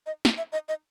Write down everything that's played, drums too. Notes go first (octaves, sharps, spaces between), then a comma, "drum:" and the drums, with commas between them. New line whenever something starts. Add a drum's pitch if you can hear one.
D#5
drum: snare
E5
D#5
D#5